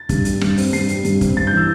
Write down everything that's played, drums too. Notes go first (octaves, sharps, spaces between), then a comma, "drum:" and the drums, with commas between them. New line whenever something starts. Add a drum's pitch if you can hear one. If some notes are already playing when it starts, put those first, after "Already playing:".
Already playing: A6
G2, drum: kick, hi-hat
G3, drum: hi-hat
G2, drum: rim click
C4, drum: open hi-hat
G2 C7, drum: hi-hat
G3, drum: hi-hat
G2, drum: hi-hat
C4, drum: kick, hi-hat
G2 A6
E3 G6
E6